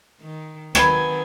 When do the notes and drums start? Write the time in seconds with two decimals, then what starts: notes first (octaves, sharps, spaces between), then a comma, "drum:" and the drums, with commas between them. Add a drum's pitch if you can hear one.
0.21 D#3
0.75 D#3 F#3 B3 C4 G#5 B5 G#6, drum: rim click